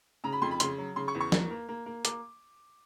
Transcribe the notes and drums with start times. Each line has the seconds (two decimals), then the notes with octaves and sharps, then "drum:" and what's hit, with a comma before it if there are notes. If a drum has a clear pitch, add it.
0.24 C#3 A#5
0.32 B5
0.42 F2 C6
0.51 B5
0.60 C#3 C6, drum: hi-hat
0.78 F#3
0.96 C#3 C6
1.08 C#6
1.15 E2
1.21 C#6
1.32 A#3, drum: snare
1.51 A#3
1.69 A#3
1.86 A#3
2.05 A#3 D6, drum: hi-hat